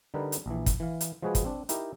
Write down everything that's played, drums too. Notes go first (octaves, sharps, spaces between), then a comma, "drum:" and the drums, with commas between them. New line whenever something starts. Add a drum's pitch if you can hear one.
D3 G3 D#4 A#4 B4
drum: hi-hat
A#1 E3
drum: kick, hi-hat
E3 F5
drum: hi-hat
F3 G#3 F#4 G#4 B4
drum: kick, hi-hat
C4 D4
D#4 E4 G4 A#4, drum: hi-hat